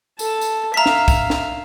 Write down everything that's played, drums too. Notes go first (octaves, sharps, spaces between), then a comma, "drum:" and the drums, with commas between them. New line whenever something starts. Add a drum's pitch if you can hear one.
A4 A5, drum: tambourine
drum: tambourine
E5 F5 A#5 B6
drum: snare
drum: kick, tambourine
drum: snare